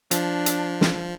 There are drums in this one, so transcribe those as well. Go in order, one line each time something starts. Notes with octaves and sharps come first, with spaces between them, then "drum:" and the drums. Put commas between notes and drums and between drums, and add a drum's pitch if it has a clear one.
F3 D4, drum: hi-hat
drum: hi-hat
drum: snare